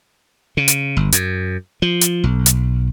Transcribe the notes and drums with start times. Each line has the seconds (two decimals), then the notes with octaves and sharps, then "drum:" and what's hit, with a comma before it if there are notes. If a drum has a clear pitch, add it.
0.57 C#3
0.68 drum: hi-hat
0.97 G1
1.12 F#2, drum: hi-hat
1.82 F3
2.01 drum: hi-hat
2.24 B1
2.46 drum: hi-hat